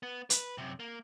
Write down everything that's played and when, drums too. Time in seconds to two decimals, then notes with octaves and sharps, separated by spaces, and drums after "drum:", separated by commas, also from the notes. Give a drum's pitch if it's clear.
0.03 B3
0.30 B4, drum: hi-hat
0.58 F#2 C3
0.80 A#3